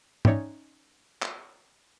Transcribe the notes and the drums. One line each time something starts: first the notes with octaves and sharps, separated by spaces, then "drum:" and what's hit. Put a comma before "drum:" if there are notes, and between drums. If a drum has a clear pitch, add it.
C#4 D#4 C#5 D5 E5 G5, drum: tom
drum: clap